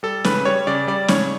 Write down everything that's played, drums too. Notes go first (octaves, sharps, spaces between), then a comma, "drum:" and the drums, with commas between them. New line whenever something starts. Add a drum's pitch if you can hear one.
G3 A4
C#3 B4, drum: snare C#4
G3 C#5
C#3 D5
G3 D5
C#3 C#5, drum: snare C#4